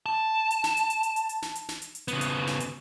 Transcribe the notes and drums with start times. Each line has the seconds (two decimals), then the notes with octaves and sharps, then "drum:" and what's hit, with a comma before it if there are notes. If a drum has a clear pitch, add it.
0.06 A5
0.51 drum: hi-hat
0.64 drum: snare
0.77 drum: hi-hat
0.90 drum: hi-hat
1.03 drum: hi-hat
1.16 drum: hi-hat
1.29 drum: hi-hat
1.42 drum: snare
1.55 drum: hi-hat
1.69 drum: snare
1.82 drum: hi-hat
1.95 drum: hi-hat
2.08 C#3 B3, drum: hi-hat
2.21 drum: hi-hat
2.47 drum: snare
2.60 drum: hi-hat